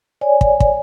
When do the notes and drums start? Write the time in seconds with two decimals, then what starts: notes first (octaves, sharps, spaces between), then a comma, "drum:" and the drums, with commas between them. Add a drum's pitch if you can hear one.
0.21 C#5 D5 G#5
0.41 drum: kick
0.60 drum: kick